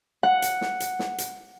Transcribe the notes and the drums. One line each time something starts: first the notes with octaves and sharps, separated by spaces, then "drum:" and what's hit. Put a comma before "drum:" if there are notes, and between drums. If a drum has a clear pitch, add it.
F#5
drum: hi-hat
drum: snare
drum: hi-hat
drum: snare
drum: hi-hat